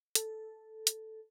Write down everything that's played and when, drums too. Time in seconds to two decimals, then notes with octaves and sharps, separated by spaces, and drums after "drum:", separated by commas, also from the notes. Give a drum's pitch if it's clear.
0.15 A4, drum: hi-hat
0.87 drum: hi-hat